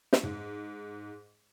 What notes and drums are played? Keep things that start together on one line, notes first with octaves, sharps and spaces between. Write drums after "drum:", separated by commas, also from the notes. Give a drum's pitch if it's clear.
drum: snare
G#2